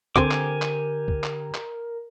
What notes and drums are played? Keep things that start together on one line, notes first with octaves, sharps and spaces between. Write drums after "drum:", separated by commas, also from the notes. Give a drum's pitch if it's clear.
D3 C4 G4 A4 A#4 C5 G#5 D6, drum: kick
drum: clap
drum: clap
drum: kick
drum: clap
drum: clap